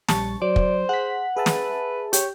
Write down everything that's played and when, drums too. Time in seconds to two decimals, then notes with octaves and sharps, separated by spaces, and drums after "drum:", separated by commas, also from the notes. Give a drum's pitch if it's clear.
0.09 A#1 G3 A5 C#6, drum: snare
0.42 F#3 C5 D5
0.56 drum: kick
0.89 G#4 F#5 B6
1.37 G#4 B4 E5 A5
1.46 drum: snare
2.13 G4 C#5, drum: hi-hat